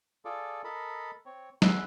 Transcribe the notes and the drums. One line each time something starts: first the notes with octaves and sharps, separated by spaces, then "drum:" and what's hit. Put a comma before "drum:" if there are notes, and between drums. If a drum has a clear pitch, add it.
F4 G#4 A4 D5
A4 A#4 D#5 A5 B5
C4 C#5
G#3 B3 E5 F#6, drum: snare